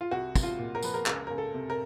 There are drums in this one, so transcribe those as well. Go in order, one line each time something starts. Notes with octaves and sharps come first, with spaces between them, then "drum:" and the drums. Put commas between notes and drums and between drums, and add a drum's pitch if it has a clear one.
F4
C2 F#4
C2, drum: kick, tambourine
F4
A#2
A#4
F3 B4, drum: tambourine
A#4
C#2 A#4, drum: clap
C#2 A#4
A4
C3
A#4